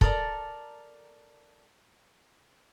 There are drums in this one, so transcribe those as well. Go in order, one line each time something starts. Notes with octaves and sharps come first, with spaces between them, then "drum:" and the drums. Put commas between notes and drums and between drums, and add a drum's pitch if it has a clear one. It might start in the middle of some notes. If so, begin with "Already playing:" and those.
A4 A#4 D5 A#5, drum: kick